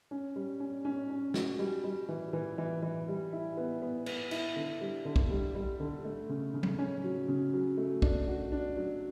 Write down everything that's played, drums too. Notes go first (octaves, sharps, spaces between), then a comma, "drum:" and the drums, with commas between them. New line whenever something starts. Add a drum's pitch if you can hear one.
C#4
G3
C#4
C#4
C#4
F#4, drum: snare
G3
G3
E3
E3
E3
E3
G3
E4
B3
B3
B3, drum: cymbal
E4, drum: cymbal
D3
G3
D3
drum: kick
G3
G3
D3
A3
C#3
C#3
drum: tom
C#4
F#3
C#3
F#3
A3
D4, drum: kick
F#4
D4
F#3